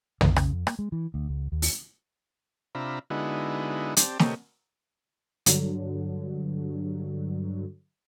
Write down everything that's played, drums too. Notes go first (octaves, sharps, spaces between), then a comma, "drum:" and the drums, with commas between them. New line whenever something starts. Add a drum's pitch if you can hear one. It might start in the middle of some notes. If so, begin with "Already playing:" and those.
D3, drum: tom
C#3, drum: rim click
F2
A#3, drum: rim click
G#3
E3
D2
C#2
D#2
drum: open hi-hat
C3 D4 F4 E5 A#5 B5
D3 G#3 B3 D#4 E4 F#4
C4 G4 D5 A5, drum: hi-hat
C3 A3 G4 A#4 C#5 D#5, drum: snare
G2 D3 F#3, drum: hi-hat